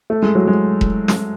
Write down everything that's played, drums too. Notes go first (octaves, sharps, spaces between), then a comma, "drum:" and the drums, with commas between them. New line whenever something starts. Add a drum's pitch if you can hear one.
A3
G#3
F#3
G#3
drum: kick E1
drum: snare